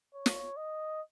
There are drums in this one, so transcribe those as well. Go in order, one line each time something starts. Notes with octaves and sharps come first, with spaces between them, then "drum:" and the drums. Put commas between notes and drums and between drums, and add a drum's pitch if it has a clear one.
C#5
drum: snare
D#5